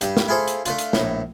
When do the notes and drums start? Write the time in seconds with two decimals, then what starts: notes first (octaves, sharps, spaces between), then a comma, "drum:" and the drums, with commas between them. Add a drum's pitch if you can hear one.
0.01 G2 G3, drum: hi-hat
0.17 drum: snare
0.28 E4 F4 G#4 A4 C5
0.48 drum: hi-hat
0.65 A3 D4 F4, drum: hi-hat
0.78 drum: hi-hat
0.93 A#1 A2, drum: snare